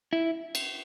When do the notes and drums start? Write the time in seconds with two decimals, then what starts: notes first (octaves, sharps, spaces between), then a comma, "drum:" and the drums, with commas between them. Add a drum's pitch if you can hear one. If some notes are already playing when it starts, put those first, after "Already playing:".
0.13 E4
0.55 drum: cymbal